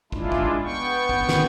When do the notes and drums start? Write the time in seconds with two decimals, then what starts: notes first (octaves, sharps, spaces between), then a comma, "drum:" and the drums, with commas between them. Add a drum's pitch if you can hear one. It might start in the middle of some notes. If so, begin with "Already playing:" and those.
0.12 G#3 D4 E4 F4, drum: kick
0.32 drum: kick
0.64 B3 G5 C#6
1.09 drum: kick
1.29 drum: snare